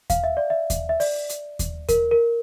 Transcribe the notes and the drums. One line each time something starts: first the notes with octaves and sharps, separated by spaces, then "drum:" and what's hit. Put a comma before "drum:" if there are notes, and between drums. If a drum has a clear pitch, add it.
F5, drum: kick D#2, hi-hat
E5
D5
E5
drum: kick D#2, hi-hat
E5
D5, drum: open hi-hat
drum: hi-hat
drum: kick D#2, hi-hat
A#4, drum: kick D#2, hi-hat
A#4